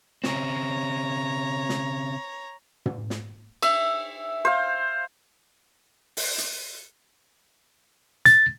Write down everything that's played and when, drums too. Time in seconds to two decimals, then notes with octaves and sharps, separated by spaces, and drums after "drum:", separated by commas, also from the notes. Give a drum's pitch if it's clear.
0.24 C#3 C4 C#5 A#5, drum: snare
1.69 drum: snare
2.86 drum: tom
3.10 drum: snare
3.62 E5, drum: cymbal
4.45 C5 F5
6.17 drum: open hi-hat
6.38 drum: hi-hat
8.25 A6, drum: hi-hat